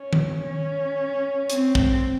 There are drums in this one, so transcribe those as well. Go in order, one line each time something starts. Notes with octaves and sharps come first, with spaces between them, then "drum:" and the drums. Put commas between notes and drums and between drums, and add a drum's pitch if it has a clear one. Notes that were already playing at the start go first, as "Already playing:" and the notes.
Already playing: C#4
drum: tom D#3
C#4
C4, drum: hi-hat
drum: kick